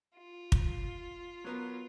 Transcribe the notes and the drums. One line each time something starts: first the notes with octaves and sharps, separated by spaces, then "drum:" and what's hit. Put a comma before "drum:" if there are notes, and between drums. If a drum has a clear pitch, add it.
F4
drum: kick
F#3 B3 A#4